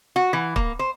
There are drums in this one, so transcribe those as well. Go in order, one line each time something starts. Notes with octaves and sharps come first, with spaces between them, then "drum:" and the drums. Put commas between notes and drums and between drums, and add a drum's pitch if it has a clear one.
F#4
E3
A#3, drum: kick
C5